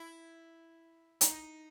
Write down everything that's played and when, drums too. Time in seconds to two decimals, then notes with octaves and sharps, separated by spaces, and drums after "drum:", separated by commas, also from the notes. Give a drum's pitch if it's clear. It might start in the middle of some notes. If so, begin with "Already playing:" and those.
Already playing: E4
1.21 D#4, drum: hi-hat